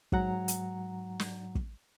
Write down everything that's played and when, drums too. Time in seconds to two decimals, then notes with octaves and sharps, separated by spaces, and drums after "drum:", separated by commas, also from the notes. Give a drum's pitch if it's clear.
0.12 G#2 F#3 F#5 A#5, drum: kick
0.48 drum: hi-hat
1.19 drum: snare
1.55 drum: kick